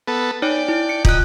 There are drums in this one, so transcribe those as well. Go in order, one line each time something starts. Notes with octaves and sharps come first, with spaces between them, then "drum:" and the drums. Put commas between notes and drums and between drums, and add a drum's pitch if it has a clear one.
B3 A4
D#4 C#5 D5 G5
E4
C#7
F4 D#5 F#6, drum: kick